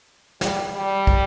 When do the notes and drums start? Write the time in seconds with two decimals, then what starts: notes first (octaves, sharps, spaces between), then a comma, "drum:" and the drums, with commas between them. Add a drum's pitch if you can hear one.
0.41 G3, drum: snare
0.75 G3
1.07 drum: kick